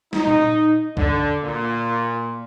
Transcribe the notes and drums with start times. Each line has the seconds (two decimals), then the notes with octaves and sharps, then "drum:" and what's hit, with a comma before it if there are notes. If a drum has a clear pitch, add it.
0.13 D#4, drum: snare
0.27 drum: tom A#2
0.97 D3, drum: kick C2
1.43 A#2